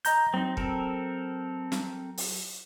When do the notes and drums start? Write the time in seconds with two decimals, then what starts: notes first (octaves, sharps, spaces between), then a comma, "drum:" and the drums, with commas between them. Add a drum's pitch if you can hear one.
0.05 D#5 A#5 G6, drum: hi-hat
0.34 F#3 C4 D#4
0.57 C4 A4 A#4, drum: kick
1.72 drum: snare
2.17 drum: open hi-hat